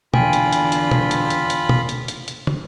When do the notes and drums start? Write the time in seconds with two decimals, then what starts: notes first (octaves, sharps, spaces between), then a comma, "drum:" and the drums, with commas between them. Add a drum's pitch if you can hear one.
0.14 E2 D3 F4 G5 G#5 B5, drum: tom
0.33 drum: hi-hat
0.53 drum: hi-hat
0.72 drum: hi-hat
0.91 drum: tom
1.11 drum: hi-hat
1.30 drum: hi-hat
1.50 drum: hi-hat
1.69 drum: tom
1.89 drum: hi-hat
2.08 drum: hi-hat
2.28 drum: hi-hat
2.47 drum: tom